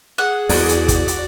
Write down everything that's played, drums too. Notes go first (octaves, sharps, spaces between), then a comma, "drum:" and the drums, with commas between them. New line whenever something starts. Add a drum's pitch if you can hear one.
G#4 F#5
E2 F#4 D5, drum: open hi-hat
drum: hi-hat
drum: kick, hi-hat
drum: hi-hat